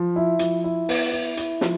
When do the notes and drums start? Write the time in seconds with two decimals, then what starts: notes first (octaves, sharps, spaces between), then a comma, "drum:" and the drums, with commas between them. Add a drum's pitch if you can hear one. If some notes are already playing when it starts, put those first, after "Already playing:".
Already playing: F3
0.16 E4
0.39 F3, drum: hi-hat
0.64 E4
0.89 B3, drum: open hi-hat
1.12 E4
1.37 E4, drum: hi-hat
1.61 F3, drum: snare